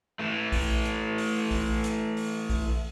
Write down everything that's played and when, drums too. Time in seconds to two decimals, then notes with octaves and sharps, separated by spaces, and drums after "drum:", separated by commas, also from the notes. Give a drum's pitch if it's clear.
0.19 E3 A3
0.52 drum: kick A#1, open hi-hat
0.85 drum: hi-hat
1.18 drum: open hi-hat
1.51 drum: kick A#1, open hi-hat
1.84 drum: hi-hat
2.17 drum: open hi-hat
2.50 drum: kick A#1, open hi-hat